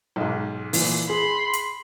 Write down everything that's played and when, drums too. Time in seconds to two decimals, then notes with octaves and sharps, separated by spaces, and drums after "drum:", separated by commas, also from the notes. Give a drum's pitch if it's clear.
0.16 B1 G#2
0.73 A#2 E3, drum: open hi-hat
1.09 G#4 B5 C6
1.53 drum: hi-hat